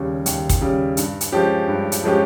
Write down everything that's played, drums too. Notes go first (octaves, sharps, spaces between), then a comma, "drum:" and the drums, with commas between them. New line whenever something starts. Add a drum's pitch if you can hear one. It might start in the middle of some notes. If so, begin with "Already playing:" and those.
Already playing: D#2 C#3 G3
D#2, drum: hi-hat
drum: kick, hi-hat
C#3 G3
G2, drum: hi-hat
drum: hi-hat
F3 G#3 C#4 G4
G2
drum: hi-hat
F3 G#3 C#4 G4